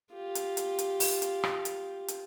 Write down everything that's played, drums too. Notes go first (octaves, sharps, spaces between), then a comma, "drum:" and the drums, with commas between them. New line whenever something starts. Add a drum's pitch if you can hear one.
F4 G4
drum: hi-hat
drum: hi-hat
drum: hi-hat
drum: open hi-hat
drum: hi-hat
drum: rim click
drum: hi-hat
drum: hi-hat